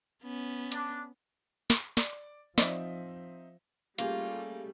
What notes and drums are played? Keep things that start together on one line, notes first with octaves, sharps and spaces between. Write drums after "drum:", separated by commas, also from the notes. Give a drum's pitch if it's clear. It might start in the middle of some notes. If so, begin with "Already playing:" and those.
B3 C#4
D4, drum: hi-hat
drum: snare
D5, drum: snare
F3 C4 D#4 D5 E5, drum: snare
G3 A3 A#3 C#4 F4 G4 G#4, drum: hi-hat